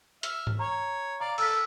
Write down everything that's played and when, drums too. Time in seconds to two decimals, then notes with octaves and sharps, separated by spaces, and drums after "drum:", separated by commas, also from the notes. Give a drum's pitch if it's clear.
0.23 E5 F6, drum: hi-hat
0.47 drum: tom G#2
0.59 C#5 A#5
1.21 D5 F5 A#5
1.38 A4 E6 F6 B6, drum: cymbal